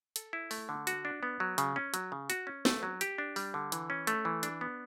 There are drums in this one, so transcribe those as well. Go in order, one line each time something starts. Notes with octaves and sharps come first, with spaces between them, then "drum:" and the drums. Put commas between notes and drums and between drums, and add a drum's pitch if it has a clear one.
A4, drum: hi-hat
E4
A3, drum: open hi-hat
D3
F#4, drum: hi-hat
D4
B3
F#3
C#3, drum: hi-hat
C#4
F#3, drum: hi-hat
C#3
F#4, drum: hi-hat
C#4
A3, drum: snare
F#3
G4, drum: hi-hat
D4
G3, drum: open hi-hat
D3
E3, drum: hi-hat
C#4
A3, drum: hi-hat
E3
D4, drum: hi-hat
B3